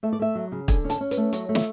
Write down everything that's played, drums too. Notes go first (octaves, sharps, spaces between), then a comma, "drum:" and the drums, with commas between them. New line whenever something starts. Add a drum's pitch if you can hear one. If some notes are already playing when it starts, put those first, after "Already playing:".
A3 E5
D5
A3 E5
F#3
C#3
D3 G#5, drum: kick, hi-hat
C#4
A5, drum: hi-hat
C#4
B4, drum: hi-hat
A3
F#3 C#5, drum: hi-hat
A3
E5, drum: snare